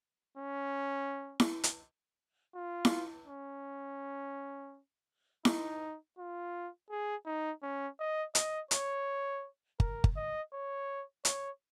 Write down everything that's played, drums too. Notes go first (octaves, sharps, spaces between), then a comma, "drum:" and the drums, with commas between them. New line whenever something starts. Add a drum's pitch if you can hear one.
C#4
drum: snare E4
drum: hi-hat
F4
drum: snare E4
C#4
D#4, drum: snare E4
F4
G#4
D#4
C#4
D#5
D#5, drum: hi-hat
C#5, drum: hi-hat
A#4, drum: kick G1
drum: kick G1
D#5
C#5
C#5, drum: hi-hat